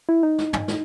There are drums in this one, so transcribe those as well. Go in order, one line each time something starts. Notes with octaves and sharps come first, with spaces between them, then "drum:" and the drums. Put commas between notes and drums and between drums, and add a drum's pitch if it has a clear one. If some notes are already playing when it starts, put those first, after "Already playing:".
E4
D#4
drum: snare
drum: tom
drum: snare